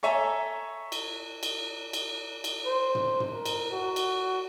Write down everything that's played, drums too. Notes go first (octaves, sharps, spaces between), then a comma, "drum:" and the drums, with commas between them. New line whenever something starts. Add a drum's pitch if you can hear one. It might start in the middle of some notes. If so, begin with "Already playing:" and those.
A4 C#5 E5 G#5 A#5
drum: cymbal
drum: cymbal
drum: cymbal
drum: cymbal
C5
drum: tom
drum: tom
A#4
drum: cymbal
F#4
drum: cymbal